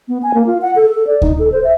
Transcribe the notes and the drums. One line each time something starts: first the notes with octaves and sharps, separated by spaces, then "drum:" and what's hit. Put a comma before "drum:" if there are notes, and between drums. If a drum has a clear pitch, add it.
B3
G#5
A#3
F4
F#5
A4
A4
D5
D#4, drum: kick D2
A4
C5
E5